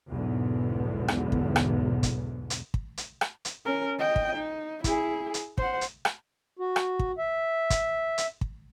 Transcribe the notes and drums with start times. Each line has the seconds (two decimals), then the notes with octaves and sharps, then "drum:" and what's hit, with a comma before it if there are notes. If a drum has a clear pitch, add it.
0.11 B1 E2 G#2 D3 B3
1.08 drum: rim click
1.32 drum: kick
1.56 drum: rim click
2.03 drum: kick, hi-hat
2.50 drum: hi-hat
2.74 drum: kick
2.97 drum: hi-hat
3.21 drum: rim click
3.45 drum: hi-hat
3.65 C#4 A#4
3.99 D#5 G5
4.16 drum: kick
4.36 D#4
4.84 E4 G#4, drum: kick, hi-hat
5.34 drum: hi-hat
5.58 C5 F#5, drum: kick
5.81 drum: hi-hat
6.05 drum: rim click
6.59 F#4
6.76 drum: rim click
6.99 drum: kick
7.18 E5
7.70 drum: kick, hi-hat
8.18 drum: hi-hat
8.41 drum: kick